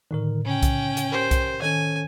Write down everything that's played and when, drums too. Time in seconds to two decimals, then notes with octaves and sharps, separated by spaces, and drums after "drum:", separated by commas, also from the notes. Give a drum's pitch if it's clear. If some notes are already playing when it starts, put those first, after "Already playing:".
0.11 A2 D3 D#3 A#4
0.45 C#3 C#4 G5
0.63 drum: kick B1, hi-hat
0.97 drum: hi-hat
1.12 G4 A#4 C5
1.31 drum: kick B1, hi-hat
1.62 D#3 C#4 A4 C#5 G#5